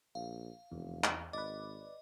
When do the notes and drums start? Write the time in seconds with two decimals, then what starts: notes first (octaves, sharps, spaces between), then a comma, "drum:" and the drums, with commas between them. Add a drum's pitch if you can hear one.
0.15 A#1 F5
0.72 F1 E2
1.04 drum: clap
1.33 G#1 B4 D5 D#5